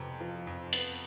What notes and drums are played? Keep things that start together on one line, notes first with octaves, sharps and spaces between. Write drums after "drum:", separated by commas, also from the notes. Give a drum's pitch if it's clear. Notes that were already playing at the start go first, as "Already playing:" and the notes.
Already playing: F2 C3 B3
F3
F2
B3, drum: hi-hat